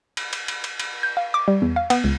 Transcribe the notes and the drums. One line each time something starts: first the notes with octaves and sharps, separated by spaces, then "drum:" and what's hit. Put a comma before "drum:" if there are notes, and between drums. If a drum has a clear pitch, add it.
drum: cymbal
drum: cymbal
drum: cymbal
drum: cymbal
drum: cymbal
G6
F5
D6
G3
E2
F5
B3, drum: cymbal
C#2